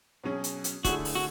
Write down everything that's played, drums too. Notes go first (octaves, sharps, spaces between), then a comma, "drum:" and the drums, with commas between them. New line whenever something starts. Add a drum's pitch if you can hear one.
B2 F#3 C#4 G#4
drum: hi-hat
drum: hi-hat
D3 A3 E4 F#4 G#4, drum: kick, hi-hat
drum: open hi-hat
F#4